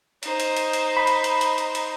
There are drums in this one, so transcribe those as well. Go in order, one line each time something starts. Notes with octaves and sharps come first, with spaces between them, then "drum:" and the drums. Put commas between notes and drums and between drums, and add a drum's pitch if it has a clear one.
D#4 C5, drum: hi-hat
drum: hi-hat
drum: hi-hat
drum: hi-hat
B5
drum: hi-hat
drum: hi-hat
drum: hi-hat
drum: hi-hat
drum: hi-hat